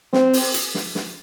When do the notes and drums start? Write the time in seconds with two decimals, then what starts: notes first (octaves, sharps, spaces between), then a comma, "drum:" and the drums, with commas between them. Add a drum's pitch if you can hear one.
0.13 C4, drum: snare
0.33 drum: open hi-hat
0.54 drum: hi-hat
0.75 drum: snare
0.95 drum: snare